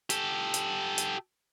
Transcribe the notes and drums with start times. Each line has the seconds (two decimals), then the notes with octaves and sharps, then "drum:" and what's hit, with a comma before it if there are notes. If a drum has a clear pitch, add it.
0.10 G4 A4, drum: hi-hat
0.54 drum: hi-hat
0.98 drum: hi-hat